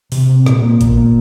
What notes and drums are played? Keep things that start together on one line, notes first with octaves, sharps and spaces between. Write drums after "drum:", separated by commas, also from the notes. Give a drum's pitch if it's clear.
C3, drum: open hi-hat
C4
A#2, drum: snare
A#3
A#2, drum: kick G#1, hi-hat
A#3